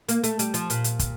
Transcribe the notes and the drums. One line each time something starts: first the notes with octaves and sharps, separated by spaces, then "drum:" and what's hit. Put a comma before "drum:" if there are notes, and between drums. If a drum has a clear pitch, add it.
A#3, drum: hi-hat
A3, drum: hi-hat
G3, drum: hi-hat
F3, drum: hi-hat
A#2, drum: hi-hat
drum: hi-hat
drum: kick, hi-hat